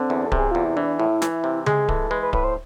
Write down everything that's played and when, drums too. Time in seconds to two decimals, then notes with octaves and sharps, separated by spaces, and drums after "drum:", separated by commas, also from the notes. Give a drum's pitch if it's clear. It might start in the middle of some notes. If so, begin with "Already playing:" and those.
Already playing: D3 C4
0.10 E2
0.25 A4
0.32 C3, drum: kick D1
0.38 G#4
0.51 E2 F4
0.64 E4
0.76 E3 D4
0.99 A2 E4
1.22 E3, drum: snare
1.44 C3
1.66 G#3 G#4, drum: tom C#3
1.89 E3 A4, drum: kick D1
2.11 G#3 B4
2.23 B4
2.33 A2 B4, drum: kick D1
2.44 C5